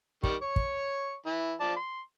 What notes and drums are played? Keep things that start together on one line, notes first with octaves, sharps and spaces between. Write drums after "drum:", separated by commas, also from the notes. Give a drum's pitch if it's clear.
D#3 G3 C#6, drum: kick
C#5 C#6
drum: kick
E3 E4
F3 D5 A5
C6